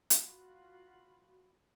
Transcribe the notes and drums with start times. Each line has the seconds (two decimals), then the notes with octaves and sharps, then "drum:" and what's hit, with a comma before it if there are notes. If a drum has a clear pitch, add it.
0.10 F4 F#4 B5, drum: hi-hat